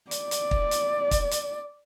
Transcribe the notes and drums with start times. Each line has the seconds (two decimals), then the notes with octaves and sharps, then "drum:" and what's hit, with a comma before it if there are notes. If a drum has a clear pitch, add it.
0.11 D5, drum: hi-hat
0.31 drum: hi-hat
0.51 drum: kick
0.71 drum: hi-hat
1.11 drum: kick, hi-hat
1.31 drum: hi-hat